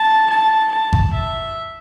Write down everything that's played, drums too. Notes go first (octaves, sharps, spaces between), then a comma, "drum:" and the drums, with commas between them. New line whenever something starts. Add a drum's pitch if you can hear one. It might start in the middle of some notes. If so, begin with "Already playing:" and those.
Already playing: A5
A5
A5
drum: kick G#1
E5